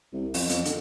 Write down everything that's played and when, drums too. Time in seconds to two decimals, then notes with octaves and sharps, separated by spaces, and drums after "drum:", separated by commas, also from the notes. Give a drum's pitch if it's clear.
0.13 C2
0.34 F2, drum: open hi-hat
0.49 F2, drum: hi-hat
0.65 D3, drum: hi-hat